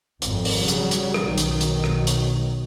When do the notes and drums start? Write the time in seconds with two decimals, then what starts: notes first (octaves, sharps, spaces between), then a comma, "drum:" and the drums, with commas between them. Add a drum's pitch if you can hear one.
0.22 G#1 F2, drum: hi-hat
0.45 drum: open hi-hat
0.56 C#3 F#3 G3
0.68 drum: hi-hat
0.91 drum: hi-hat
1.14 drum: rim click
1.27 B1 D#3 F#3
1.38 drum: hi-hat
1.61 drum: hi-hat
1.84 drum: rim click
2.07 drum: hi-hat